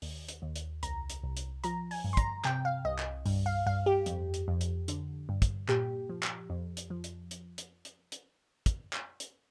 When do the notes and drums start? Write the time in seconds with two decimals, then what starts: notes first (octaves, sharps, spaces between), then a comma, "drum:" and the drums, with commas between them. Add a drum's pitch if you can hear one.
0.02 D#2, drum: open hi-hat
0.29 drum: hi-hat
0.42 D#2
0.56 drum: hi-hat
0.83 C2 A#5, drum: hi-hat
1.10 drum: hi-hat
1.24 C2
1.37 drum: hi-hat
1.64 F3 A#5, drum: hi-hat
1.91 G#5, drum: open hi-hat
2.04 G2
2.13 C6
2.17 A#5, drum: kick, hi-hat
2.45 C3 G5, drum: clap
2.65 F5
2.85 C2 D#5
2.99 drum: clap
3.26 G2, drum: open hi-hat
3.46 F5
3.66 G2 F5
3.86 G4
4.06 F2, drum: hi-hat
4.34 drum: hi-hat
4.48 F2
4.61 drum: hi-hat
4.88 D3, drum: hi-hat
5.29 G2
5.42 drum: kick, hi-hat
5.69 A#2 G4, drum: clap
6.10 F3
6.23 drum: clap
6.50 F2
6.77 drum: hi-hat
6.90 F3
7.04 drum: hi-hat
7.31 drum: hi-hat
7.58 drum: hi-hat
7.85 drum: hi-hat
8.12 drum: hi-hat
8.66 drum: kick, hi-hat
8.93 drum: clap
9.20 drum: hi-hat